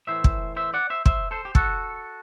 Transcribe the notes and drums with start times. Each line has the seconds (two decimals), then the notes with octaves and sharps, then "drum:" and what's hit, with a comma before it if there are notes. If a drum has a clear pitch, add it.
0.07 A2 E3 C5 E5
0.24 drum: kick
0.57 C5 E5
0.74 D5 F#5
0.90 C5 E5
1.06 C5 E5, drum: kick
1.31 A4 C5
1.45 G4
1.55 F#4 A4, drum: kick